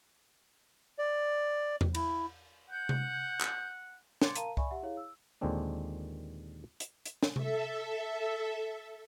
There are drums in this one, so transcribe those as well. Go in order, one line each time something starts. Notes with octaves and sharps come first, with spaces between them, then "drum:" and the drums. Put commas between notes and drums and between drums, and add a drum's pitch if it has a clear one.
D5
drum: tom E2
E4, drum: cymbal
F#5 G6
drum: tom C3
drum: clap
C6 D6 G#6 A6 C#7 D7, drum: snare
A#4 F5 A5 A#5 D#7, drum: hi-hat
D5 E5 G#5 B5 C#6, drum: kick C2
G4 E5 F#5
E4 G#4 C#5 F5
E6
D#2 A#2 D3 G#3 C4 D4
drum: hi-hat
drum: hi-hat
drum: snare
A4 E5, drum: tom C3